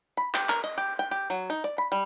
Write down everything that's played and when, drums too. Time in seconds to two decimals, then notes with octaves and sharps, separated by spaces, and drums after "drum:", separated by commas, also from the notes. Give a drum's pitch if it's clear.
0.17 B5
0.34 G4, drum: clap
0.49 A#4, drum: clap
0.64 D#5
0.78 G4
0.99 G5
1.11 G4
1.30 F#3
1.50 D#4
1.64 D5
1.78 B5
1.92 G3